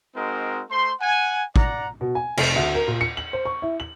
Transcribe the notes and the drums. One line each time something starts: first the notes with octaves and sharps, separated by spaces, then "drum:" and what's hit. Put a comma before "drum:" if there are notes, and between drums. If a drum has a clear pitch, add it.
G#3 C4 D#4 F#4 A#4
A3 C5 C6
F#5 G#5
D5 F#5 A#5, drum: kick
B2
G#5
F1, drum: cymbal
D2
A#4
A#2
C#7
F#7
C5
C#6
E4
F#7